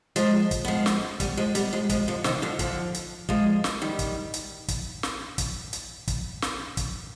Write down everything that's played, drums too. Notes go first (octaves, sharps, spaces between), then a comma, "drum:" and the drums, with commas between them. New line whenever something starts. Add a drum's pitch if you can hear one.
F3 G#3, drum: hi-hat
drum: kick, hi-hat
B3
F3 G#3
drum: snare
G3 B3, drum: kick, hi-hat
F3 G#3
G3 B3, drum: hi-hat
F3 G#3
F3 G#3, drum: kick, hi-hat
D3 F3
C3 D#3, drum: snare
D3 F3
D3 F3, drum: kick, hi-hat
drum: hi-hat
F3 G#3, drum: kick
drum: snare
D#3 G3
drum: kick, hi-hat
drum: hi-hat
drum: kick, hi-hat
drum: snare
drum: kick, hi-hat
drum: hi-hat
drum: kick, hi-hat
drum: snare
drum: kick, hi-hat